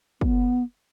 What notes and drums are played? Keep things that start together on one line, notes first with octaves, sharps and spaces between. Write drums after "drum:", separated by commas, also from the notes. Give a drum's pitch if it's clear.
B3, drum: kick